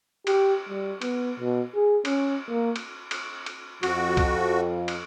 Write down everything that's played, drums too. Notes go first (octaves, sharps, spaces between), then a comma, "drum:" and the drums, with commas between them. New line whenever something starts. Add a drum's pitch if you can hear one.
G4, drum: cymbal
G3
B3, drum: cymbal
B2
G#4
C#4, drum: cymbal
A#3
drum: cymbal
drum: cymbal
drum: cymbal
F2 F#4, drum: cymbal
drum: kick, cymbal
drum: cymbal